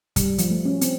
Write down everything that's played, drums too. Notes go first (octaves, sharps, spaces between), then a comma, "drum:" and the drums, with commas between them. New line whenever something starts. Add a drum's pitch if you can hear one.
G3, drum: kick, hi-hat
F3, drum: hi-hat
A3
C#4
C4, drum: hi-hat